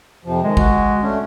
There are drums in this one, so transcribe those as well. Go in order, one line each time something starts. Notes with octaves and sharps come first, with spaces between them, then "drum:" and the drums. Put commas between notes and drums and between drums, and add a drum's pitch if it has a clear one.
F2 C3 F3
D#3 G#3
F#4, drum: kick
A3 C#4 D4